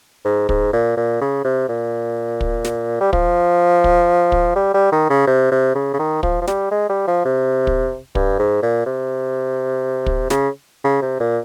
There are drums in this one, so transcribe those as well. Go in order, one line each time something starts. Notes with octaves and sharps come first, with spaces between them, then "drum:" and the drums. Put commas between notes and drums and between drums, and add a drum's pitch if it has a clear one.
G#2
G#2, drum: kick
A#2
A#2
C#3
C3
A#2
drum: kick
drum: snare
G3
F3, drum: kick
drum: kick
drum: kick
G3
G3
D#3
C#3
C3
C3
C#3
C#3
D#3
F3, drum: kick
F3
G3, drum: snare
G#3
G3
F3
C3
drum: kick
G2, drum: kick
G#2
A#2
C3
drum: kick
C#3, drum: snare
C#3
C3
A#2